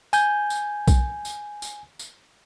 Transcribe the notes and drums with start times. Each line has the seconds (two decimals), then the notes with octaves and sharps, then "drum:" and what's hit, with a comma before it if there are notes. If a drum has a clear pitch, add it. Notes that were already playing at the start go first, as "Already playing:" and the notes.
0.13 G#5 G6, drum: tambourine
0.50 drum: tambourine
0.88 drum: kick B1, tambourine
1.25 drum: tambourine
1.62 drum: tambourine
1.99 drum: tambourine